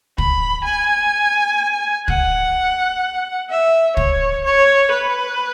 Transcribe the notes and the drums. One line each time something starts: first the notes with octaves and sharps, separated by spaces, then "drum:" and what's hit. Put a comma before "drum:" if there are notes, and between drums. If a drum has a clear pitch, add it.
B5, drum: kick
G#5
F#5, drum: kick
E5
C#5, drum: kick
C#5
B4